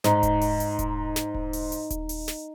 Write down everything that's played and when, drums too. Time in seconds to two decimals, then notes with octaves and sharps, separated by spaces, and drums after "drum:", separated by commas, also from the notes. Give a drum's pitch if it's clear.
0.04 G#2 D#4, drum: snare
0.23 drum: kick D#1, hi-hat
0.41 drum: open hi-hat
0.60 drum: hi-hat
0.79 drum: kick D#1, hi-hat
1.16 drum: snare
1.35 drum: kick D#1
1.53 drum: open hi-hat
1.72 drum: hi-hat
1.90 drum: kick D#1, hi-hat
2.09 drum: open hi-hat
2.28 drum: snare